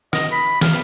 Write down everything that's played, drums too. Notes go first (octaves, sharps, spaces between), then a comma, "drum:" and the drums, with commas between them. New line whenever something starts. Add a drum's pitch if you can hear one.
D#5, drum: rim click
B5
F5, drum: snare